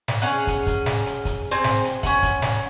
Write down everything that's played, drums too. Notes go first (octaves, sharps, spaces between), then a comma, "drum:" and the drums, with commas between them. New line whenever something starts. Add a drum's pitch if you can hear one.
drum: snare
C#4 G#4 F#5
drum: kick, hi-hat
drum: kick, hi-hat
drum: snare
drum: hi-hat
drum: kick, hi-hat
C4 G#4
drum: snare
drum: hi-hat
C#4 F#5, drum: kick, hi-hat
drum: kick, hi-hat
drum: snare